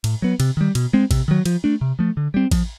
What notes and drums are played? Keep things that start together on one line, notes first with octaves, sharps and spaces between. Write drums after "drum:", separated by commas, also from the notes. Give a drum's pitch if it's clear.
A2, drum: cymbal
F#3 B3
C3, drum: cymbal
D#3 G3
B2, drum: cymbal
G#3 C4
C3, drum: kick A1, cymbal
D#3 F#3
F3, drum: cymbal
A3 D4
C3
F3 A3
D3
G3 C4
F3, drum: kick A1, cymbal